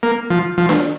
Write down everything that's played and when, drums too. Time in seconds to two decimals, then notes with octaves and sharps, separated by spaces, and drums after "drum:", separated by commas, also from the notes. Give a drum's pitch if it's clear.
0.03 A#3
0.30 F3
0.58 F3
0.69 drum: snare D4